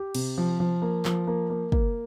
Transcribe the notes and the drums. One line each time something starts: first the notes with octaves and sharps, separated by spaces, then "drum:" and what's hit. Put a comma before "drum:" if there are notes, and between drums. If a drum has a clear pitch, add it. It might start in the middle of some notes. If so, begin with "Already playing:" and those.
Already playing: G4
C3, drum: cymbal
F3
F3
A#3
F3, drum: clap
A#3
A#3
A#3, drum: kick